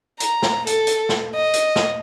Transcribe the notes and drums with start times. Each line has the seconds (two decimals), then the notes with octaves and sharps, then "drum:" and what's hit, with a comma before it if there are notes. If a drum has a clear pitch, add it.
0.20 A#5, drum: hi-hat
0.42 drum: snare
0.67 A4, drum: hi-hat
0.87 drum: hi-hat
1.09 drum: snare
1.35 D#5
1.53 drum: hi-hat
1.76 drum: snare